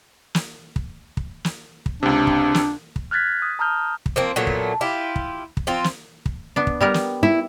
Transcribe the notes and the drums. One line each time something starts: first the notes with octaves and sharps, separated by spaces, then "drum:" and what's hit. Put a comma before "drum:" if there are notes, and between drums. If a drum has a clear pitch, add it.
drum: snare
drum: kick
drum: kick
drum: snare
drum: kick
C#2 C3 D4
drum: kick
drum: snare
drum: kick
F6 F#6 G#6 A6 B6
D#6
A5 A#5 D#6 F6 G6
drum: kick
F3 A#3 C4
A#2 F#3 A3 B3
drum: kick
E4 F4 G4
drum: kick
drum: kick
F3 C4 F4
drum: snare
drum: kick
B3 D4
drum: kick
G3 B3 A#4
drum: snare
E4 E5